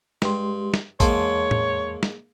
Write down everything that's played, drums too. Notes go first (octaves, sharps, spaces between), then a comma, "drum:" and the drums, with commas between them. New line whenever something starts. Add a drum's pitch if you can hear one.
G2 G#3 G4 C6, drum: snare
drum: snare
E2 G#2 A#3 C#5 A5 C6, drum: kick A1, tambourine
drum: tom A2
drum: snare